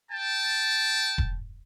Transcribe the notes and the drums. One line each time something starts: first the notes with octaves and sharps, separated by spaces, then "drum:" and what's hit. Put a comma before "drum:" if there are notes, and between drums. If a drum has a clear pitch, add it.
G5 A5
drum: kick E1